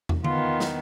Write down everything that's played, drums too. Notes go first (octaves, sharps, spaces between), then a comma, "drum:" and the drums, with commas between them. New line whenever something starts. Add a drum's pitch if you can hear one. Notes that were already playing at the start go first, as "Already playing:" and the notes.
drum: tom
D#3 B3 F4, drum: tom
drum: snare